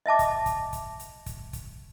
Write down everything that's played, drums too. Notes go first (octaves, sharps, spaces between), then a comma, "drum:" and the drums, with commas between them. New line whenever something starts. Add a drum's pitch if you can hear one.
D#5 E5 A5 D6
drum: kick, hi-hat
drum: kick, hi-hat
drum: kick, hi-hat
drum: hi-hat
drum: kick, hi-hat
drum: kick, hi-hat